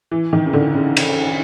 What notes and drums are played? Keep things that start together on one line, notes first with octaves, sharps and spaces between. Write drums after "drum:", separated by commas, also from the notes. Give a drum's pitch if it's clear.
E3
D#3
C#3
D3
C#3
drum: cymbal